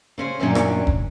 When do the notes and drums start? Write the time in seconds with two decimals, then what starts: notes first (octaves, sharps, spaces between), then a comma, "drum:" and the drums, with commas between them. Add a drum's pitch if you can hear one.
0.18 C#3 C#4 C5
0.40 F#2 A#2 D#3 F#3 C#4 D4
0.55 drum: rim click
0.87 drum: kick F1